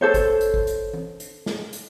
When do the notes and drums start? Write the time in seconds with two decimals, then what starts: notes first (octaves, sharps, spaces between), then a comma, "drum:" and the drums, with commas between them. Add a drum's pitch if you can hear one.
0.01 A4 C5 C#5
0.14 drum: kick G#1, hi-hat
0.41 drum: hi-hat
0.54 drum: kick G#1
0.67 drum: hi-hat
0.94 drum: tom E3
1.20 drum: hi-hat
1.46 drum: snare
1.73 drum: hi-hat